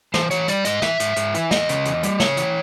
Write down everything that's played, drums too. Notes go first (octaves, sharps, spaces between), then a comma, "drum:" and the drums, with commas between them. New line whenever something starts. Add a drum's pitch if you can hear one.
E3 C5, drum: snare
E3 C#5, drum: hi-hat
G3 D5, drum: hi-hat
G#2 D#5, drum: hi-hat
E3 E5, drum: snare
G#2, drum: hi-hat
G#2, drum: hi-hat
E3, drum: hi-hat
E2 D#5, drum: snare
C#3, drum: hi-hat
E2, drum: hi-hat
G3, drum: hi-hat
C#3 C#5, drum: snare
E3, drum: hi-hat